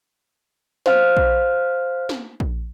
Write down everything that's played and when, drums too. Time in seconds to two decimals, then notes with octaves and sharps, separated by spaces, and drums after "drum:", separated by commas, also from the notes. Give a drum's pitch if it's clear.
0.86 C5 F5 F6, drum: snare
1.17 drum: kick A#1
2.09 drum: snare
2.40 drum: kick A#1